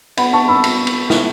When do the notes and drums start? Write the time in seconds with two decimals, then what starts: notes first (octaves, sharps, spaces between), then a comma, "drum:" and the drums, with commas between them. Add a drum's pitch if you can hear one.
0.17 B3 F#5 B5, drum: cymbal
0.33 B3 A5 C#6
0.48 B3 B5 E6
0.64 drum: cymbal
0.87 drum: cymbal
1.10 drum: snare